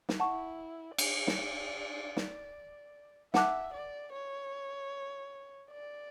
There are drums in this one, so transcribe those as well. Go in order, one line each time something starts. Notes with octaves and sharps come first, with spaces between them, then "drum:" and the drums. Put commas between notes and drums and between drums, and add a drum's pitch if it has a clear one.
drum: snare
E4 F#5 A5 C#6
D5, drum: cymbal
drum: snare
drum: snare
E5 F#5 A5 D6 F#6, drum: snare
D5
C#5
D5